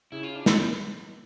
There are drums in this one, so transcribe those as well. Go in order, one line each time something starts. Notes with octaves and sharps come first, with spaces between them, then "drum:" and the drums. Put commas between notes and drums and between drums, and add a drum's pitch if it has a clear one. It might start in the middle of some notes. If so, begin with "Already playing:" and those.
C#3 E4
F4
D4
C#4, drum: snare